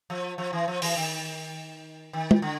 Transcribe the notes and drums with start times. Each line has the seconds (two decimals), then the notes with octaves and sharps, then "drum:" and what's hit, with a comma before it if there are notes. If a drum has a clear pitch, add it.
0.10 F3
0.38 F3
0.53 E3
0.68 F3
0.82 E3, drum: open hi-hat
0.96 D#3
2.13 D#3
2.31 drum: tom
2.42 D3